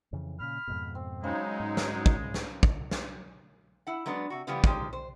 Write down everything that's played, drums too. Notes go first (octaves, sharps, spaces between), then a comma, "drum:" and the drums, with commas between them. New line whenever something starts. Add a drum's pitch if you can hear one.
F2 C#3 E3
A#2 C#3 B5 F6
F2 G#2 B2
C4
C#3 F#3 G#3 D#4 G#4 C5
G#2
drum: snare
drum: kick
drum: snare
drum: kick
drum: snare
E4 F#5
F#3 G#3 B3 D4
C3 F#4
C#3 E3 F3 G3 B3 G4
D#3 F3 G#3 G4, drum: kick
C5